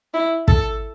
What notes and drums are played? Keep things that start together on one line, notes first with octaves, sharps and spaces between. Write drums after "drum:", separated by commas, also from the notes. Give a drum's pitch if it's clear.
E4
A4, drum: kick